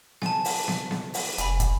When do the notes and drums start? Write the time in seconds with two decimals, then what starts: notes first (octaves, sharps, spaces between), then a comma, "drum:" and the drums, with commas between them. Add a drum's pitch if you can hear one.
0.22 G#5 A5, drum: snare B3
0.45 drum: open hi-hat
0.68 drum: snare B3
0.91 drum: snare B3
1.14 drum: open hi-hat
1.38 F1 G#5 B5, drum: hi-hat
1.60 drum: kick, hi-hat